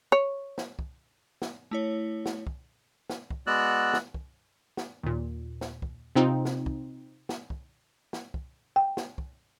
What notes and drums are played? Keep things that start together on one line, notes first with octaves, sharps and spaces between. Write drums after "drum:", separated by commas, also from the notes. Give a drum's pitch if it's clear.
C#5
drum: snare
drum: kick
drum: snare
A3 E4 C#5
drum: snare
drum: kick
drum: snare
drum: kick
G#3 B3 F#4 D5 E6 F#6
drum: snare
drum: kick
drum: snare
D#2 A#2
drum: snare
drum: kick
C3 C4 D#4 F4
drum: snare
drum: kick
drum: snare
drum: kick
drum: snare
drum: kick
G5
drum: snare
drum: kick